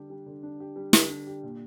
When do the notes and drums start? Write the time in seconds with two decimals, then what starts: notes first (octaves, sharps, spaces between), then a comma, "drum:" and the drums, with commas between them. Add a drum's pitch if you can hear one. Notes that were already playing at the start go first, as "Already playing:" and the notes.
Already playing: D3 G3 D4 G4
0.10 G3
0.26 D3
0.43 D4
0.60 G4
0.76 G3
0.93 D3, drum: snare
1.10 D4
1.27 G4
1.43 A#2